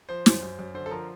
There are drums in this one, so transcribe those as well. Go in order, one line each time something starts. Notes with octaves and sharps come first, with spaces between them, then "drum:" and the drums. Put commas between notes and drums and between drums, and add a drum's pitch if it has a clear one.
F3 C5
F#2, drum: snare
F#2
F#2
D3 C5
A4
F3 A#4